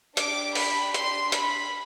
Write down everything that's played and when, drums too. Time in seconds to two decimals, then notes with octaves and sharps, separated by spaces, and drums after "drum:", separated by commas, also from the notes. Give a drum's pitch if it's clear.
0.17 D4 G4 D6, drum: hi-hat
0.55 B5, drum: open hi-hat
0.94 C6, drum: hi-hat
1.32 B5, drum: hi-hat